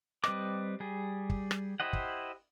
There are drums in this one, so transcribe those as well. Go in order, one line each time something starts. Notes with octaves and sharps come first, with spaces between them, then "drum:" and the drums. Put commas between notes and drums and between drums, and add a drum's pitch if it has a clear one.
G3 C4 B4 D#5 D6, drum: rim click
G3 G#4
drum: kick
drum: rim click
E4 G4 C5 D#5 F#5
drum: kick